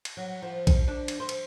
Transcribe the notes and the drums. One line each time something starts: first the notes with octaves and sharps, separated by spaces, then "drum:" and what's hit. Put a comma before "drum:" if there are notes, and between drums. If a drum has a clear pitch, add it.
drum: cymbal
F#3
F3
drum: kick A#1, cymbal
D4
drum: cymbal
C5
drum: cymbal